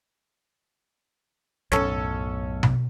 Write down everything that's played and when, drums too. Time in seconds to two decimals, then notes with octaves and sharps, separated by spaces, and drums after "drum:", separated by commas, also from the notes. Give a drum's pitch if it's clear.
1.72 B1 F#2 A2 C#4 A4, drum: snare
2.63 drum: tom B2